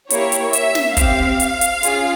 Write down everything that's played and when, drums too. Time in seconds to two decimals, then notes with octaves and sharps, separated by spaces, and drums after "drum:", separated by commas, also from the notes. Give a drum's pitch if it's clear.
0.10 A#3 E4 G4 C#5, drum: hi-hat
0.32 drum: hi-hat
0.53 E5, drum: hi-hat
0.75 drum: snare
0.97 C4 G4 F5, drum: kick, hi-hat
1.40 drum: hi-hat
1.61 drum: hi-hat
1.83 C#4 F4 G#4, drum: hi-hat